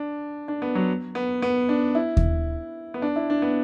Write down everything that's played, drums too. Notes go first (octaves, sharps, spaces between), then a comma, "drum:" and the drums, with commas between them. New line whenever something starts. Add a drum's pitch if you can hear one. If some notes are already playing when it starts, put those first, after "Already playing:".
Already playing: D4
D4
B3
F#3
B3
B3
D4
E4
drum: kick D#2
B3
D4
E4
D4
B3